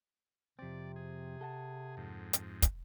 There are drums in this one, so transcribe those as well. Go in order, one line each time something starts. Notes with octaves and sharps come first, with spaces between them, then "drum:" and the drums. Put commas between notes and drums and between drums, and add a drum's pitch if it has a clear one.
F2 C3 C4 D5
G#4
A4 F#5 A5
F2 G#2
drum: hi-hat
drum: kick, hi-hat